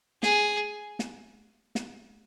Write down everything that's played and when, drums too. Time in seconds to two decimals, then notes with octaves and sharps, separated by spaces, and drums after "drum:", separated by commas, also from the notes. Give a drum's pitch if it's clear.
0.23 G#4, drum: snare
0.99 drum: snare
1.75 drum: snare